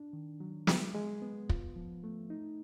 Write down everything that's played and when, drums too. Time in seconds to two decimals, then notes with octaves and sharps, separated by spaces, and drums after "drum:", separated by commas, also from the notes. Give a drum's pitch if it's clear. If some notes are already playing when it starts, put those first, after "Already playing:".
Already playing: D4
0.13 D#3
0.40 F#3
0.67 G#3, drum: snare
0.94 G#3
1.22 B3
1.49 F4, drum: kick
1.76 F3
2.04 A3
2.30 D#4